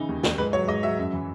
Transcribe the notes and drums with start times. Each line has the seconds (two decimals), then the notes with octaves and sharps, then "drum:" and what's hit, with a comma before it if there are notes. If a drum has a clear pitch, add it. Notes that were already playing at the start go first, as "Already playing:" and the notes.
Already playing: C#3 E3 D#4
0.09 D#2
0.23 D#2, drum: snare
0.38 G#2 B4
0.53 F#3 C#5
0.68 G#2 D#5
0.83 F#3 E5
0.99 F#2
1.13 E3